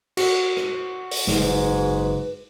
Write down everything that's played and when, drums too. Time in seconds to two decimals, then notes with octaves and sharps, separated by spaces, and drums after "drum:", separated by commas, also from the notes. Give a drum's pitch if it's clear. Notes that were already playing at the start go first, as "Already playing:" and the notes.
0.17 F#4, drum: cymbal
0.57 drum: rim click
1.11 drum: open hi-hat
1.27 F#1 G#2 B4, drum: snare